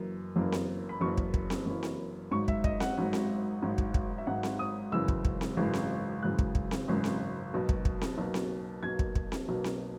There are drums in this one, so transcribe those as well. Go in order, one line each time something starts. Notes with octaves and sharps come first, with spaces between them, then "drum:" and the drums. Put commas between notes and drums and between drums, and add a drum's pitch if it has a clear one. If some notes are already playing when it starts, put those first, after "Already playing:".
Already playing: F#1 F#2 E3 A#3
F#1 F#2 E3 A#3
drum: snare C4
B5
F#1 F#2 E3 A#3 C#6
drum: kick
drum: kick
drum: snare C4
F#1 F#2 E3 A#3
drum: snare C4
G#1 G#2 F#3 C#6
E5, drum: kick
D#5, drum: kick
F#5, drum: snare C4
G#1 G#2 F#3
drum: snare C4
G#1 G#2 F#3
drum: kick
drum: kick
E5
G#1 G#2 F#3 F#5
drum: snare C4
D#6
G#1 F#2 C#3 E3 G#3 E6
drum: kick
drum: kick
drum: snare C4
G#1 F#2 C#3 E3 G#3
drum: snare C4
G#1 F#2 C#3 E3 G#3 F#6
drum: kick
drum: kick
drum: snare C4
G#1 F#2 C#3 E3 G#3
drum: snare C4
B1 B2 A#3
drum: kick
drum: kick
drum: snare C4
B1 B2 A#3
drum: snare C4
B1 B2 A#3 G#6
drum: kick
drum: kick
drum: snare C4
B1 B2 A#3
drum: snare C4